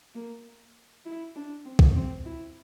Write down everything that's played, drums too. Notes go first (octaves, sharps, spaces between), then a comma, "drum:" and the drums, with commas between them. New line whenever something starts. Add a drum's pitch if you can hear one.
A#3
E4
D4
C4
drum: kick B1
C4
E4